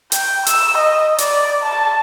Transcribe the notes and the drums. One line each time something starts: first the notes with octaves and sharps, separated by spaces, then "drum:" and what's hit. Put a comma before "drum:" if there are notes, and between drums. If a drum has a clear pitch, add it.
G5, drum: hi-hat
E6, drum: hi-hat
D#5
D5, drum: hi-hat
A5